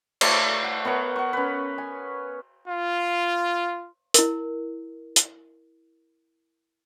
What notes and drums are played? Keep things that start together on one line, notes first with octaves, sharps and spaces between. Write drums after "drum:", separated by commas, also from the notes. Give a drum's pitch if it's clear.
A3 C#5 D5 F5, drum: cymbal
F#5
B3 A#4 C#5 F#5
F#5 C#6
C#4 B4
G#5
F4
E4 A#4, drum: hi-hat
drum: hi-hat